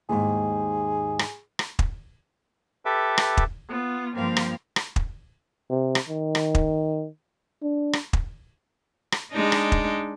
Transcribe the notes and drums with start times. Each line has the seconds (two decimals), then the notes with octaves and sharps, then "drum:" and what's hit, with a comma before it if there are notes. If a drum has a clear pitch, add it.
0.09 D#2 G#2 G#4
1.19 drum: rim click
1.59 drum: rim click
1.79 drum: kick
2.85 G4 A4 B4 E5 D6
3.18 drum: rim click
3.37 drum: kick
3.68 B3 F4
4.14 G2 F3 A#3 C4 F5
4.37 drum: rim click
4.76 drum: rim click
4.96 drum: kick
5.70 C3
5.95 drum: rim click
6.09 D#3
6.35 drum: rim click
6.55 drum: kick
7.62 D4
7.93 drum: rim click
8.13 drum: kick
9.12 drum: rim click
9.32 G#3 D4 D#4
9.52 drum: rim click
9.72 drum: kick